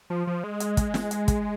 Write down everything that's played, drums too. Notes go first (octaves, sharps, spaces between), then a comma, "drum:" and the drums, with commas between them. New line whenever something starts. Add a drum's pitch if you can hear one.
F3
F3
G#3
drum: hi-hat
drum: kick, hi-hat
drum: snare
drum: hi-hat
drum: kick, hi-hat